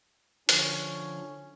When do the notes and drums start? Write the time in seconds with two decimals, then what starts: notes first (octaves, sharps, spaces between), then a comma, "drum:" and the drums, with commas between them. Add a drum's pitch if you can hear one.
0.49 D3 F3 C#4, drum: hi-hat